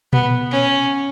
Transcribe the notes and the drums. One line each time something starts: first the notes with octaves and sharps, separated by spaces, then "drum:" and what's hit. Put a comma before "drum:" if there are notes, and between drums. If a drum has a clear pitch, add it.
B3, drum: tom A#2
C#4